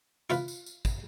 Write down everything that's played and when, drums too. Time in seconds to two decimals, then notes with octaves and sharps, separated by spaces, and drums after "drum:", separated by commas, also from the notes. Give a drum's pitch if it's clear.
0.30 E4 F4 B4, drum: tambourine
0.48 drum: tambourine
0.66 drum: tambourine
0.85 drum: kick, tambourine